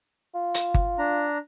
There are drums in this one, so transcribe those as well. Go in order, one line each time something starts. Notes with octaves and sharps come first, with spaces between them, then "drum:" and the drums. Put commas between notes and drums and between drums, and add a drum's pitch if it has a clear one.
F4
drum: hi-hat
drum: kick G1
D4 A#5